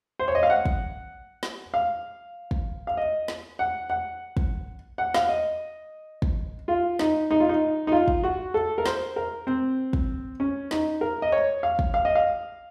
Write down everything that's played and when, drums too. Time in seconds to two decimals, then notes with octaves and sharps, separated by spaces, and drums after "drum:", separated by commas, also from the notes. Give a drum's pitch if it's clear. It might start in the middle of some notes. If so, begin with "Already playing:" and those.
0.19 C5
0.28 C#5
0.35 D#5
0.43 F5
0.50 F#5
0.65 drum: kick
1.43 drum: snare
1.74 F5
2.51 drum: kick
2.87 F5
2.97 D#5
3.28 drum: snare
3.59 F#5
3.90 F#5
4.37 drum: kick
4.98 F#5
5.14 F5, drum: snare
5.29 D#5
6.22 drum: kick
6.68 F4
6.99 D#4, drum: snare
7.31 D#4
7.40 F4
7.49 D#4
7.87 D#4
7.92 F4
8.08 drum: kick
8.23 F#4
8.54 A4
8.78 A#4
8.86 C5, drum: snare
9.16 A#4
9.47 C4
9.93 drum: kick
10.40 C#4
10.71 D#4, drum: snare
11.01 A#4
11.22 D#5
11.32 C#5
11.63 F5
11.79 drum: kick
11.94 F5
12.05 D#5
12.15 F5